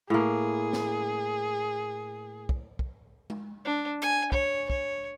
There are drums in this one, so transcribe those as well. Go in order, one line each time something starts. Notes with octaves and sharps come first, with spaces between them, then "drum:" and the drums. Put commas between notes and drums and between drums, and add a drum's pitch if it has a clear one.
A2 A#3 G#4
drum: snare
drum: kick
drum: kick
drum: tom G#3
D4
G#5, drum: hi-hat
C#5, drum: kick
C#5, drum: kick